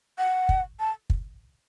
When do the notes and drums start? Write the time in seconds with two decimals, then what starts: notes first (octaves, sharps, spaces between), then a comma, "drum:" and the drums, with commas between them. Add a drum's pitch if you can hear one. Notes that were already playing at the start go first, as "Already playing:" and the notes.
0.18 F#5
0.49 drum: kick
0.80 A5
1.10 drum: kick